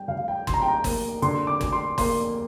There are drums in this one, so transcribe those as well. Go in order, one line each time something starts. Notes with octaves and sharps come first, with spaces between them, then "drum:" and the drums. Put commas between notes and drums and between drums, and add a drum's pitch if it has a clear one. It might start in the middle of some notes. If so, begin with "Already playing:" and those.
Already playing: G3 G5
D2 F5
G5
D2 C6, drum: kick G1, hi-hat
A#5
G5
A#5
A#3, drum: kick G1, open hi-hat
D3 C6, drum: hi-hat
D6
D2, drum: kick G1, hi-hat
C6
A#3 C6, drum: kick G1, open hi-hat